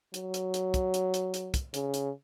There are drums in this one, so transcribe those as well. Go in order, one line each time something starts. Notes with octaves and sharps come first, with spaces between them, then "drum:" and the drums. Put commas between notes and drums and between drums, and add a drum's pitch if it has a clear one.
F#3, drum: hi-hat
drum: hi-hat
drum: hi-hat
drum: kick, hi-hat
drum: hi-hat
drum: hi-hat
drum: hi-hat
drum: kick, hi-hat
C#3, drum: hi-hat
drum: hi-hat